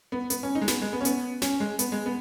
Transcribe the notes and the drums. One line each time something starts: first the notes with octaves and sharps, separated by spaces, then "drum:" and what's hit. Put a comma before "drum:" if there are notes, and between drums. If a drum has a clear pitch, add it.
B3
B3, drum: hi-hat
C#4
D#4
G#3
B3, drum: snare
G#3
B3
C#4
B3, drum: hi-hat
C#4, drum: snare
G#3
B3, drum: hi-hat
G#3
B3